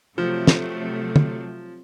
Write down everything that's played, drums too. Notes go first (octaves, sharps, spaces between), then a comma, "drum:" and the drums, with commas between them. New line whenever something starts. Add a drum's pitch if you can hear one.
C3 F3 F#3 A3
drum: snare
drum: tom